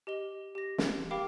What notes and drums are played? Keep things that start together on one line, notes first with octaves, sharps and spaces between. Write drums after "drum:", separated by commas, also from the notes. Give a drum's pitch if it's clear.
G4 D#5 G7
G4 A#6
drum: snare
G4 A#4 F5 G5 B5 D6